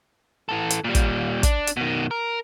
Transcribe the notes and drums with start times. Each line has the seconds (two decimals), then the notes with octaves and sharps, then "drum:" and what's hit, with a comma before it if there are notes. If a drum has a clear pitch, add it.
0.49 E3 A4
0.70 drum: hi-hat
0.84 A#2 G3
0.95 drum: kick, hi-hat
1.43 D4, drum: kick, hi-hat
1.67 drum: hi-hat
1.77 B2 D#3
2.11 A#4